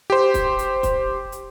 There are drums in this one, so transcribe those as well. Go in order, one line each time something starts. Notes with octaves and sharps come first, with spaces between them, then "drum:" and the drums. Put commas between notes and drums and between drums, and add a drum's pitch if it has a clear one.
G4 C5
drum: kick, hi-hat
drum: hi-hat
drum: kick, hi-hat
drum: hi-hat